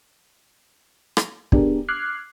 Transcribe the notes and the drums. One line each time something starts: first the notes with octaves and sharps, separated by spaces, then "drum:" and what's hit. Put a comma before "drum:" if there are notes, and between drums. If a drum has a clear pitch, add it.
drum: rim click
B3 D4 G4 G#4 A#4, drum: kick
D6 F6 F#6 G#6 C7